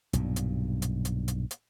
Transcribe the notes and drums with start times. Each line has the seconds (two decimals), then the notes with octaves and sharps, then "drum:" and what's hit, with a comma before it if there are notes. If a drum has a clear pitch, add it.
0.13 B1 G2 A#2, drum: hi-hat
0.36 drum: hi-hat
0.82 drum: hi-hat
1.05 drum: hi-hat
1.28 drum: hi-hat
1.51 drum: hi-hat